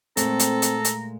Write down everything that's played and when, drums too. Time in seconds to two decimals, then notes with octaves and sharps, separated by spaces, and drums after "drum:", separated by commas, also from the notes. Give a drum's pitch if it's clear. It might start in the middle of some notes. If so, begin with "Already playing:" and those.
0.17 A#2 G#3 A3 C4 A4 A#5, drum: hi-hat
0.39 drum: hi-hat
0.62 drum: hi-hat
0.85 drum: hi-hat